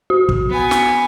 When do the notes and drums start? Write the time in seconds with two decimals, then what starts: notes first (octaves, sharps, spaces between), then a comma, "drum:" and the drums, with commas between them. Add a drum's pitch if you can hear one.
0.10 F#4
0.29 drum: kick
0.50 B3 G#5
0.71 drum: snare